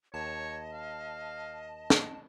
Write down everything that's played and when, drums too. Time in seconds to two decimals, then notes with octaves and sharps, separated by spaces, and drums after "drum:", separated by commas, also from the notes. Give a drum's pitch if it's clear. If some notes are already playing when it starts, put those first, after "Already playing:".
0.14 D#2 C#5 D#5 A5
0.73 F5
1.90 drum: snare